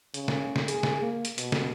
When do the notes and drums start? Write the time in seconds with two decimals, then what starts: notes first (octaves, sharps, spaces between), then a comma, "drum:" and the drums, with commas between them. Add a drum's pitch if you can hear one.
0.14 C#3, drum: hi-hat
0.28 drum: snare
0.56 drum: snare
0.68 G#4, drum: hi-hat
0.83 drum: snare
1.02 A#3
1.25 drum: hi-hat
1.38 B2, drum: hi-hat
1.52 drum: snare